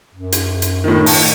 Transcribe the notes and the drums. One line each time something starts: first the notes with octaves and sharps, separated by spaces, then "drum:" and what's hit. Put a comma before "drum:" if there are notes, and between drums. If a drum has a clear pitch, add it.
F#2
drum: hi-hat
drum: hi-hat
A2 D#3
A5, drum: open hi-hat